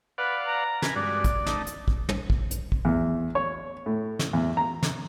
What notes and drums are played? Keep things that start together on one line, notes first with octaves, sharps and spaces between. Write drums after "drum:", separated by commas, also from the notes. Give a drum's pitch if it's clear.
B4 D5 F5 F#5
A#5
A#4 B4 G#5, drum: snare
G2 G#3 F#4 D5
drum: kick, hi-hat
A3 D#4, drum: snare
drum: hi-hat
drum: kick
drum: tom
drum: kick
drum: hi-hat
drum: kick
E2
C#5
A2
drum: snare
E2
A#5
drum: snare